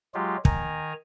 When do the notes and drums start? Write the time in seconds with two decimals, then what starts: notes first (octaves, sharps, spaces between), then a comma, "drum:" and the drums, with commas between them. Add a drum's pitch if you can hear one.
0.14 F#3 G#3 F4 G4
0.45 D#3 G#5 A#5, drum: kick